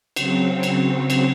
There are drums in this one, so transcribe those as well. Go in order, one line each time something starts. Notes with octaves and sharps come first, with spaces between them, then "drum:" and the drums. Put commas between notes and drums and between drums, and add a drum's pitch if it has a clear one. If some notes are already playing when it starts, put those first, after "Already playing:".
C#3 F#3 C4, drum: cymbal
drum: cymbal
drum: cymbal